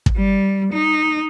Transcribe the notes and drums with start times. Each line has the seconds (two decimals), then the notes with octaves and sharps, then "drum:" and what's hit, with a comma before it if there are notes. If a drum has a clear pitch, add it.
0.06 drum: kick
0.16 G3
0.73 D#4